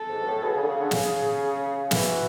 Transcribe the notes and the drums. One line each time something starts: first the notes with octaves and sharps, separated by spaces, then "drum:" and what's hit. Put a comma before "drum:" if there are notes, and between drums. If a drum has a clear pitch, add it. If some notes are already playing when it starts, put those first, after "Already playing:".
Already playing: A4
G#2
B2
A2
B2 G#4
C#3
D3
C#3
D3
C#3, drum: snare
E3 F#4, drum: snare